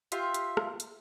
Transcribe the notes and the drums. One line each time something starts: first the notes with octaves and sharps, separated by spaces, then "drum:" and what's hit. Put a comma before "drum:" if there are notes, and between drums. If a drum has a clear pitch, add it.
F4 G4 E5 F5, drum: hi-hat
drum: hi-hat
drum: rim click
drum: hi-hat